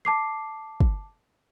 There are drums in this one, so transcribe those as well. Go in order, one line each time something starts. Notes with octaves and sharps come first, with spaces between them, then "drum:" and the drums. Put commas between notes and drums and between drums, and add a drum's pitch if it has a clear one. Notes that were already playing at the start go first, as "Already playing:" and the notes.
A5 D6 C7
drum: kick